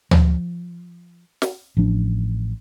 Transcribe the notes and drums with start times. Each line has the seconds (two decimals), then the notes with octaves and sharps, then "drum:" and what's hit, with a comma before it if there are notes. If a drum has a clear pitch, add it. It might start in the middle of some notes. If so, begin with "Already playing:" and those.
0.11 F3, drum: tom
1.42 drum: snare
1.77 A1 F3 D4